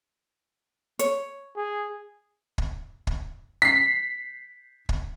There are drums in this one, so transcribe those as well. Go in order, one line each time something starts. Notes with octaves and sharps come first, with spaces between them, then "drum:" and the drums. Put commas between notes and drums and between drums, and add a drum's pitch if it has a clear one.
C#5, drum: hi-hat
G#4
drum: kick
drum: kick
B6 C7
drum: kick